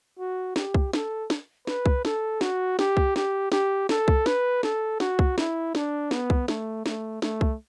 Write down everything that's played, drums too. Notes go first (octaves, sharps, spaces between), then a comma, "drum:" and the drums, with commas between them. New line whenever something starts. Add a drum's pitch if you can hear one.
F#4
G4, drum: snare
drum: kick C2
A4, drum: snare
drum: snare
B4, drum: snare
drum: kick C2
A4, drum: snare
F#4, drum: snare
G4, drum: snare
drum: kick C2
G4, drum: snare
G4, drum: snare
A4, drum: snare
drum: kick C2
B4, drum: snare
A4, drum: snare
F#4, drum: snare
drum: kick C2
E4, drum: snare
D4, drum: snare
B3, drum: snare
drum: kick C2
A3, drum: snare
A3, drum: snare
A3, drum: snare
drum: kick C2